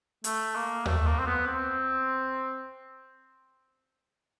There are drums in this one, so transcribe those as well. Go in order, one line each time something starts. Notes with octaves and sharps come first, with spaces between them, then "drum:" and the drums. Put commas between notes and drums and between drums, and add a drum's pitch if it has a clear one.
A3, drum: hi-hat
A#3
A3, drum: tom D#2
A#3
C4
B3
C4